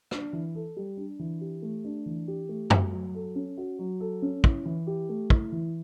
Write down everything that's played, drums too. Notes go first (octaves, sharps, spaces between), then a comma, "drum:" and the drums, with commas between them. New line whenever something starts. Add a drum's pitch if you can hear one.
D4, drum: rim click
E3
A4
G3
D4
E3
G4
A3
D4
E3
G4
A3
F#4, drum: tom F#2
F#3
A4
C#4
F#4
F#3
A4
C#4
E4, drum: kick
E3
G4
A3
E4, drum: kick
E3